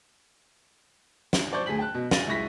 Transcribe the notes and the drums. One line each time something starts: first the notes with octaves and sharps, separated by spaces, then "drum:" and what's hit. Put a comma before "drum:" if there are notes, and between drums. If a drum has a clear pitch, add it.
drum: snare
C5 D5 A5 C#6 G6
D2 G#4 A5 B6 F#7
G5 A5 F#6
B2
F5 A6 A#6 D#7, drum: snare
C#2 E4 C#6 A#6 B6